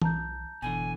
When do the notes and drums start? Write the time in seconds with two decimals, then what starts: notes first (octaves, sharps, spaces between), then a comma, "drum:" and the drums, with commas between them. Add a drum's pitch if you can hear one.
0.02 B1 A5 A#5 G6, drum: tom
0.62 G1 B2 D3 E3 G#5